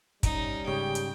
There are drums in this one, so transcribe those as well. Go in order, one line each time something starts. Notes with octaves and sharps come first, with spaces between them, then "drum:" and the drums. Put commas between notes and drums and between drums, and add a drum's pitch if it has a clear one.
G3 C#4 D#4, drum: kick, hi-hat
G#2 C#3 G4 G5
drum: hi-hat